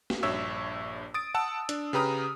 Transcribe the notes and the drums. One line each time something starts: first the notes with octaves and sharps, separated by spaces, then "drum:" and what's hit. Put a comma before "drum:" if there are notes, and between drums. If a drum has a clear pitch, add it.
drum: snare
A#1 G2 C#5 E5 E6
D#6 A6 D7
F#5 A5 E6
D4, drum: hi-hat
C#3 G4 B4 A#5 D#6 F6